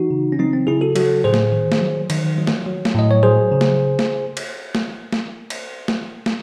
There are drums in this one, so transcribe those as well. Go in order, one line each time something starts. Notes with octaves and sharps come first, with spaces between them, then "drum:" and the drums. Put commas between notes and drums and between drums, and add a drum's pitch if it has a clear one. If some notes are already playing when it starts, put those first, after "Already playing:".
Already playing: E3 D#4 F#4
C#3
C#4
F#3 C4 D#4
C4
C#3 E4 G#4
F#4 A4
F#3 F#4 A4, drum: cymbal
A2 G#4 C5
drum: snare
D#3
drum: snare
F#3
D#3, drum: cymbal
F#3
drum: snare
F#3
drum: snare
A2 D#5
C#5
F#3 G#4 C5
C#3
drum: snare
drum: snare
drum: cymbal
drum: snare
drum: snare
drum: cymbal
drum: snare
drum: snare